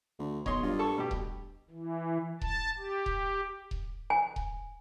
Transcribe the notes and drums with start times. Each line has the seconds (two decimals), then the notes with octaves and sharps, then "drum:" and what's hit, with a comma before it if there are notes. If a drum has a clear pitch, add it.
0.19 D2
0.46 B1 C#5 D#5 C6, drum: kick D#1
0.63 G2 F4
0.79 A4 C#6
0.98 B2 G4
1.11 drum: kick D#1
1.71 E3
2.41 A5, drum: kick D#1
2.78 G4
3.06 drum: kick D#1
3.71 drum: kick D#1
4.10 G#5
4.36 drum: kick D#1